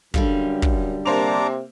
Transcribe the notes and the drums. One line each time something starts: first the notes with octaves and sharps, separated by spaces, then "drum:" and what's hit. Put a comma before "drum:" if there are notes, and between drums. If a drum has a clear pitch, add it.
F#2 D3 G3 F5, drum: kick
drum: kick
C3 A#3 D4 C5 A#5 D6 F7